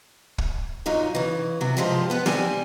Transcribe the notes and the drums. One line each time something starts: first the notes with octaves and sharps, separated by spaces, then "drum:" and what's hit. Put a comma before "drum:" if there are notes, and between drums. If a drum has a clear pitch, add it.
drum: kick
F#2 A#2 F#3 D#4 F4
C#3 E3
C3 F#3
G2 C#3 F3 G#3 F4 G4
B3 B4 F#5
G3 C4 G#5, drum: snare